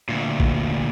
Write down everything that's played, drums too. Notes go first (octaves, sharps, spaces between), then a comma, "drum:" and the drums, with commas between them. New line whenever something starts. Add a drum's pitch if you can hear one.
D2 A#2
drum: kick